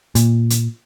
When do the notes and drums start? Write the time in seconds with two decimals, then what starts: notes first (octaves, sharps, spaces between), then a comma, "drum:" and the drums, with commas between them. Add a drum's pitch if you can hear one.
0.15 A#2, drum: hi-hat
0.50 drum: hi-hat